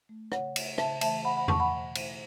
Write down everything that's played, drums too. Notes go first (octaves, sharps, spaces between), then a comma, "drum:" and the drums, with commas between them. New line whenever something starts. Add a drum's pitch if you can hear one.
A3
C#3 C#5 F#5, drum: rim click
A3, drum: cymbal
C#3 E5 A5, drum: rim click
E3 A3 E5 A5, drum: cymbal
C#3 F#5 B5
F#5 B5
E3 A3 A5 C#6, drum: tom E2
F#5 B5
B2
A3, drum: cymbal